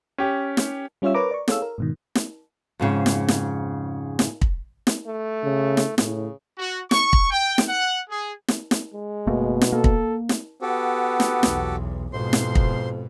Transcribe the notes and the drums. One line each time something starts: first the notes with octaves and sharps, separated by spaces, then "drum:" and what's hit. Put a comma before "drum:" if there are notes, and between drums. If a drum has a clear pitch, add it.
C#4 G4
drum: snare
G3 C#4 F4 C#5 E5 E6
A#4 B4 C#5 A#5 D6
D5 C#6
G#4 A4 C#5 F5 E6, drum: snare
A#4
G#2 B2 D#3
drum: snare
F2 G#2 C#3
drum: snare
drum: snare
drum: snare
drum: kick
drum: snare
A3
C#3
drum: snare
A2 C#3, drum: snare
F#4
C#6, drum: snare
drum: kick
G5
drum: snare
F#5
G#4
drum: snare
drum: snare
G#3
F#1 B2 A3 A#3
drum: snare
A#3 A4
drum: kick
drum: snare
B3 F#4 G4 A4
drum: snare
B1 E2, drum: snare
F2 G#2 B2 C5 C6
drum: snare
drum: kick